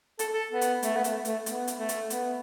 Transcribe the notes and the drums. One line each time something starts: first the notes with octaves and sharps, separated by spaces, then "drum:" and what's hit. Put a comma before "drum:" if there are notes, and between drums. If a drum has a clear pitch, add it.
A4, drum: hi-hat
A4
B3
drum: hi-hat
A3, drum: hi-hat
B3
A3, drum: hi-hat
A3, drum: hi-hat
B3, drum: hi-hat
drum: hi-hat
A3
drum: hi-hat
B3, drum: hi-hat